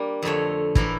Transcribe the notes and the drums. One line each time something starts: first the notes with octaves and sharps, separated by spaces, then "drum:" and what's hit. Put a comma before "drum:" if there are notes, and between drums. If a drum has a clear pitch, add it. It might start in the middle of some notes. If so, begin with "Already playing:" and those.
Already playing: G3 A#3 D4
F2 D3 A3 C#5
A2 E3 A#3 E4 A#4, drum: kick